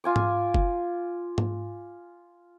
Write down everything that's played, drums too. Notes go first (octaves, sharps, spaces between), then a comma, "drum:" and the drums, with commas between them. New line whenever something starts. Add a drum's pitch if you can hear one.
F4 G#5 D6
drum: tom G#2
drum: kick F#1
drum: tom G#2